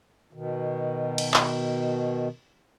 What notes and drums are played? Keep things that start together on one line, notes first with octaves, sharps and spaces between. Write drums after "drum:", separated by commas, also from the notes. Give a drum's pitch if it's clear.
B2 D#3
drum: cymbal
drum: clap